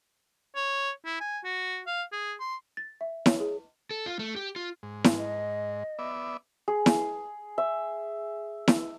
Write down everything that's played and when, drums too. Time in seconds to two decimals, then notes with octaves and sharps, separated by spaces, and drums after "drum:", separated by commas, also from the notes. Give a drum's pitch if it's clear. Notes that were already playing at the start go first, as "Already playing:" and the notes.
0.56 C#5
1.05 E4
1.21 G#5
1.44 F#4
1.87 F5
2.12 G#4
2.40 C6
2.77 A6
3.01 E5
3.26 C#5, drum: snare E4
3.40 G#4
3.91 A4
4.06 F4
4.19 A3
4.36 G4
4.56 F4
4.83 G#2
5.04 drum: snare E4
5.18 D#5
5.99 B3 D5 E5
6.68 G#4
6.86 drum: snare E4
7.58 E5
8.68 drum: snare E4